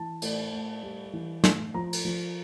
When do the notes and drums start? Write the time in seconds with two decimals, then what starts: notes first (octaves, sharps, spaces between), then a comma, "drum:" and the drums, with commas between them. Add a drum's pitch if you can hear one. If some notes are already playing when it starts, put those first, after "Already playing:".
Already playing: E3 A5
0.22 A2, drum: cymbal
0.52 A2
0.83 G3
1.13 E3
1.44 A2, drum: snare
1.74 F3 A#5
1.93 drum: cymbal
2.05 F3